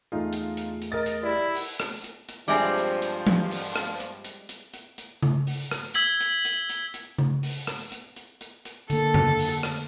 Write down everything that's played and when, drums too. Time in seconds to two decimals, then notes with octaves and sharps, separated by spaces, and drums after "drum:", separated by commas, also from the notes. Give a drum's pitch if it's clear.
0.12 E2 A3 D#4 F4 G#4
0.33 drum: hi-hat
0.57 drum: hi-hat
0.82 drum: hi-hat
0.92 A#4 D#5 A6
1.06 drum: hi-hat
1.23 G3 E4
1.55 drum: open hi-hat
1.80 drum: rim click
2.04 drum: hi-hat
2.29 drum: hi-hat
2.48 G2 F3 G3 G#3 C4 D4 E5 G#5
2.78 drum: hi-hat
3.02 drum: hi-hat
3.27 drum: tom F3
3.51 drum: open hi-hat
3.76 drum: rim click
4.00 drum: hi-hat
4.25 drum: hi-hat
4.49 drum: hi-hat
4.74 drum: hi-hat
4.98 drum: hi-hat
5.22 drum: tom C#3
5.47 drum: open hi-hat
5.71 drum: rim click
5.94 E6 G#6 B6 F#7 G7, drum: hi-hat
6.20 drum: hi-hat
6.45 drum: hi-hat
6.69 drum: hi-hat
6.94 drum: hi-hat
7.18 drum: tom C#3
7.43 drum: open hi-hat
7.67 drum: rim click
7.92 drum: hi-hat
8.16 drum: hi-hat
8.41 drum: hi-hat
8.65 drum: hi-hat
8.90 D3 A#3 A4, drum: hi-hat
9.14 drum: tom F2
9.39 drum: open hi-hat
9.63 drum: rim click